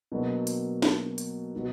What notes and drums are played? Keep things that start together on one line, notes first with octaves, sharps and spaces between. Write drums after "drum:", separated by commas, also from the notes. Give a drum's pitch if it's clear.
B2 F#3 A#3 D4
drum: hi-hat
drum: snare D4
drum: hi-hat
B2 F#3